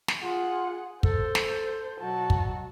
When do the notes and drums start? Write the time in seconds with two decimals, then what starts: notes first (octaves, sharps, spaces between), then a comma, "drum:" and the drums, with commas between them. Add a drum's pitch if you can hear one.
0.08 drum: snare
0.22 F4 G#4 F#5
1.03 A4 C5, drum: kick
1.35 drum: snare
1.99 B2 F#3 F#4 A5
2.30 drum: kick